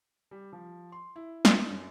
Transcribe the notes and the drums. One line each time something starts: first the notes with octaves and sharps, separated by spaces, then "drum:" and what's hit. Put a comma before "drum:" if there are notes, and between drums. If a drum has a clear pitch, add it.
G3
F3
C6
E4
drum: snare
F#2